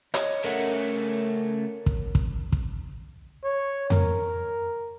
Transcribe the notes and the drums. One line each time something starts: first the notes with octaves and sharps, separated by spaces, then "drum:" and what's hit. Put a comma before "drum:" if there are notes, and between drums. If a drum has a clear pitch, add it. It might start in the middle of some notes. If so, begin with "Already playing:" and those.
C#5 D#5, drum: hi-hat
C#3 A3 A#4 C#5 F#5
drum: kick
drum: kick
drum: kick
C#5
A#4, drum: tom F2